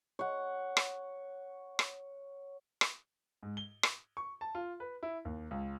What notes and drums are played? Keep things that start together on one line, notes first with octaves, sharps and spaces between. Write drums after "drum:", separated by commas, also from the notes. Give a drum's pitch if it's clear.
C#5 F#5
drum: rim click
drum: rim click
drum: rim click
G#2
G7
drum: rim click
C#6
A5
F4
B4
E4
D#2
C#2